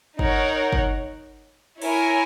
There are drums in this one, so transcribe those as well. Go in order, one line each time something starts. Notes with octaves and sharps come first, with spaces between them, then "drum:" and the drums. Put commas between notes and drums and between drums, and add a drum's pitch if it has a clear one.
D#4 A#4 C#5 F#5, drum: kick
drum: kick
E4 A#4 C#5 G#5, drum: cymbal